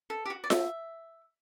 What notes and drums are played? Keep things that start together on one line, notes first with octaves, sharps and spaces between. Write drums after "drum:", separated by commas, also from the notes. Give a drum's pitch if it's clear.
A4
G4
F#4
D5
E5, drum: snare F4